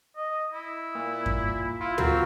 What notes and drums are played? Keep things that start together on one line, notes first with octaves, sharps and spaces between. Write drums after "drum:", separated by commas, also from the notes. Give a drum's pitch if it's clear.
D#5
E4
A#2
drum: kick F#2
E4 F4
C4 F#4 A#4, drum: tom